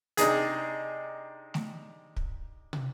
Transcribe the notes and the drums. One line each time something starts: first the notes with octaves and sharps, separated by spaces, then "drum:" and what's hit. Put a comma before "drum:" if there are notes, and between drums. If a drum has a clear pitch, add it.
C3 D4 D#4 G#4, drum: hi-hat
drum: snare A3
drum: kick
drum: tom